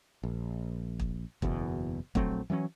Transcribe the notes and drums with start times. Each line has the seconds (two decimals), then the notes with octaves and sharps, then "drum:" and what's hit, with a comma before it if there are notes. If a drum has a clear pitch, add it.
0.23 A#1
1.00 drum: kick
1.42 F#1 E2 B2, drum: kick
2.15 A#1 F#3 A3 C4, drum: kick
2.50 E3 F#3 A3 C#4